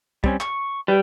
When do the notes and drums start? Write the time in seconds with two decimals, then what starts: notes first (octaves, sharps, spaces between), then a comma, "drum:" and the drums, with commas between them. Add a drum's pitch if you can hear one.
0.24 G3 C4 C#4, drum: kick
0.40 C#6, drum: clap
0.88 G3 B4